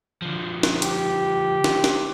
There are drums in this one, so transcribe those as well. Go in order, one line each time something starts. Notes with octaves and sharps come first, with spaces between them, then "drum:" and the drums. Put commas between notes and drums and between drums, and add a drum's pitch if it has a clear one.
D3 F3
drum: snare
G4, drum: hi-hat
drum: snare
drum: snare